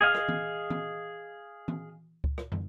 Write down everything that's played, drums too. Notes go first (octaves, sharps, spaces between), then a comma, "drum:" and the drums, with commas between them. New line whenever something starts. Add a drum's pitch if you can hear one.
G#4 D#5 F5
drum: rim click
drum: tom E3
drum: tom E3
drum: tom E3
drum: kick C#2
drum: rim click
drum: tom